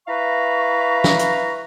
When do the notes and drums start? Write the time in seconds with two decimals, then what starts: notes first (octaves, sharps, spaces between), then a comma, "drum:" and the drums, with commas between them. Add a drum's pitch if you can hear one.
0.08 E4 B4 F5 A#5 B5 C#6
1.04 drum: snare
1.19 drum: hi-hat